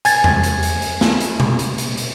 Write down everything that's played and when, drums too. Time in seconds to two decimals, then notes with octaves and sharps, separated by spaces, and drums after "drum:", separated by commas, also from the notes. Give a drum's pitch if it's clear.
0.05 G#5 G#6 A6, drum: hi-hat
0.24 drum: tom E2
0.43 drum: hi-hat
0.63 drum: hi-hat
0.82 drum: hi-hat
1.01 drum: snare
1.20 drum: hi-hat
1.40 drum: tom A#2
1.59 drum: hi-hat
1.78 drum: hi-hat
1.97 drum: hi-hat